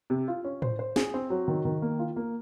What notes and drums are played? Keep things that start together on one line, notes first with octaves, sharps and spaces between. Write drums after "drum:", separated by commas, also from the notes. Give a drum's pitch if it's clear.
C3
F4
C#4
C5, drum: tom A2
C5
G#4, drum: snare
C4
F#3
D#3
D#3
A#3
F4
A#3